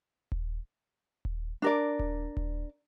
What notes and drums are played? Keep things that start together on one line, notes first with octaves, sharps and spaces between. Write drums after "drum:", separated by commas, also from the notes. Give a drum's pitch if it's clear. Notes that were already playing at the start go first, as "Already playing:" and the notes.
drum: kick D#1
drum: kick D#1
D4 A#4 D5
drum: kick D#1
drum: kick D#1